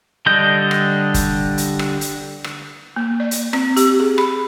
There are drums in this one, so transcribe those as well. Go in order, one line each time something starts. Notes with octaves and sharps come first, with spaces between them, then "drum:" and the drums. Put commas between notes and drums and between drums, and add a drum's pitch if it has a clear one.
D3 G3 D4 D#5 G6
drum: rim click
drum: kick, hi-hat
drum: hi-hat
drum: rim click
drum: hi-hat
drum: rim click
A#3
D5
drum: hi-hat
C4, drum: rim click
G4, drum: hi-hat
G#4
B5, drum: rim click